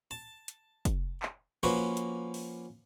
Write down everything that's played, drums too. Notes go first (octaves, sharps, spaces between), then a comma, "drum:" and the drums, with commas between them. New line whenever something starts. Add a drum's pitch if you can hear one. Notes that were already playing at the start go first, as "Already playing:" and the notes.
A5
drum: hi-hat
drum: kick, hi-hat
drum: clap
F3 A#3 C#4 F#4 B4
drum: hi-hat
drum: open hi-hat